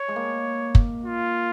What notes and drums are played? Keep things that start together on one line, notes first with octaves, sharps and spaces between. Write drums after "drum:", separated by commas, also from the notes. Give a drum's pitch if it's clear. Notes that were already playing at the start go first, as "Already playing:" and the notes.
Already playing: C#5
G#3
A#3
drum: kick
F4